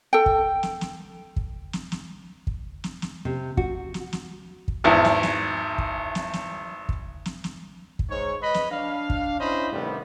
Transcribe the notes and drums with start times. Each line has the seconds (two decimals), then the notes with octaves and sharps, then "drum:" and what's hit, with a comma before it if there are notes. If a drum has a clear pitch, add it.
0.13 A4 G5
0.26 drum: kick
0.63 drum: snare
0.81 drum: snare
1.36 drum: kick
1.73 drum: snare
1.92 drum: snare
2.47 drum: kick
2.84 drum: snare
3.02 drum: snare
3.25 C3
3.57 F#4, drum: kick
3.94 drum: snare
4.13 drum: snare
4.68 drum: kick
4.84 G#1 E2 E4
5.05 drum: snare
5.23 drum: snare
5.78 drum: kick
6.15 drum: snare
6.33 drum: snare
6.89 drum: kick
7.26 drum: snare
7.44 drum: snare
7.99 drum: kick
8.09 G#2 C#5
8.41 B4 D#5 B5
8.54 drum: snare
8.71 D4 F5
9.10 drum: kick
9.39 C#4 D4 E4 C5 D#5 B5
9.72 A2 C3 D#3 G3 B3